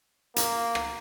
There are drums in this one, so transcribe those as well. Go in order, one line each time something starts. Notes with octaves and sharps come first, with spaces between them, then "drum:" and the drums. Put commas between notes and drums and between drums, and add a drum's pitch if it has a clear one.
A#3, drum: hi-hat
drum: rim click